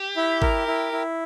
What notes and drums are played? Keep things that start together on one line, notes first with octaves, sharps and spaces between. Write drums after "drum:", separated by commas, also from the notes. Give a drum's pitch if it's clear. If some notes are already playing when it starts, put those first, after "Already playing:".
Already playing: G4
E4
A#4, drum: kick
E4
E4